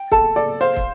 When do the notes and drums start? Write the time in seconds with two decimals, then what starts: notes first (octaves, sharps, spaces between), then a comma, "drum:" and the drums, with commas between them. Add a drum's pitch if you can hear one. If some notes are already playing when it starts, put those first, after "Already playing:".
Already playing: G5
0.12 A4 A5, drum: kick
0.36 A4 D5
0.61 C5 F5
0.77 drum: kick